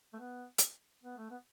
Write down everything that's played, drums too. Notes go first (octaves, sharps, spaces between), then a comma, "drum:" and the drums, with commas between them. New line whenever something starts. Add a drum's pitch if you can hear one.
A3
B3
drum: hi-hat
B3
A3
B3